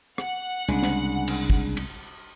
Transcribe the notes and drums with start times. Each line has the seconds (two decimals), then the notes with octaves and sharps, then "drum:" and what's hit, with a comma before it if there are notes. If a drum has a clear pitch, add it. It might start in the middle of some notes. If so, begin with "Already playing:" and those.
0.18 F#5, drum: rim click
0.68 C2 C#3 G#3 D4
0.83 drum: snare
1.28 drum: cymbal
1.50 drum: kick
1.77 drum: cymbal